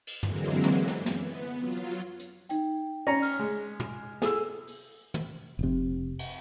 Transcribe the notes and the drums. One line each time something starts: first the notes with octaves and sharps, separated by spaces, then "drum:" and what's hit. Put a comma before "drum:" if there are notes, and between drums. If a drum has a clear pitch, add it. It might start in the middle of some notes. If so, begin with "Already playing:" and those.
drum: cymbal
D3 E3 F#3 G#3 A#3 C4, drum: tom
drum: tom
F#2 E3, drum: snare
drum: snare
B3
F#3 F4
drum: hi-hat
D#4 G5, drum: hi-hat
C#4 A#5 A#6 C#7
F6, drum: cymbal
G#3
drum: tom
G#4 A4 E6, drum: snare
drum: open hi-hat
drum: tom
F1 C3
drum: cymbal